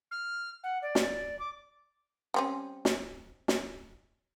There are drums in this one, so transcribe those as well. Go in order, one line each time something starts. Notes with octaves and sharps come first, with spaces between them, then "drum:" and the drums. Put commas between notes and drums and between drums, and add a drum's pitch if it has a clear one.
F6
F#5
D5
drum: snare
D6
G3 C4 C#4
drum: snare
drum: snare